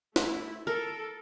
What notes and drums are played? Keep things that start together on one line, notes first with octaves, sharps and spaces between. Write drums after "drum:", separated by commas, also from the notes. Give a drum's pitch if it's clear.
A3 E4, drum: snare
A4 A#4